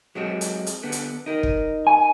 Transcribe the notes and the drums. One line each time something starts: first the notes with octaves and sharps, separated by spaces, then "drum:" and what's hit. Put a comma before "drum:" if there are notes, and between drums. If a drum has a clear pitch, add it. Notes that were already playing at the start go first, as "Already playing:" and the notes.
F#3 G#3 C4
drum: hi-hat
drum: hi-hat
D3 B3
drum: hi-hat
D#4 A#4
drum: kick
G#5